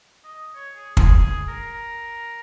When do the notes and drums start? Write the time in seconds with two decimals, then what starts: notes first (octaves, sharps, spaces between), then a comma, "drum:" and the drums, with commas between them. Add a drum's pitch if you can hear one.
0.24 D#5
0.55 C#5
0.76 G#4
0.97 G#4, drum: kick
1.18 G#4
1.49 A#4